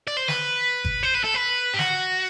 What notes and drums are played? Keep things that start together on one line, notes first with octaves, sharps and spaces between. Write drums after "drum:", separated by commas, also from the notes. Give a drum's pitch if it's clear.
D5
C5
B4, drum: snare
drum: kick G1
C5
B4
A4
B4
G4
F#4, drum: snare